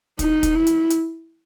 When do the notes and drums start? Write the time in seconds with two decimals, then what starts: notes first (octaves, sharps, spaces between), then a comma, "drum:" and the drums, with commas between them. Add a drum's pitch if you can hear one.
0.19 D#4, drum: kick, hi-hat
0.43 drum: kick, hi-hat
0.55 E4
0.67 drum: hi-hat
0.90 drum: hi-hat